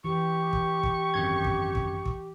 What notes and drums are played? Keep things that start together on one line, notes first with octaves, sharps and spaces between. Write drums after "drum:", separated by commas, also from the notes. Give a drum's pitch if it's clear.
E3 G4 C#6
drum: kick
drum: kick
G#1 F#2 G#6
drum: kick
drum: kick
drum: kick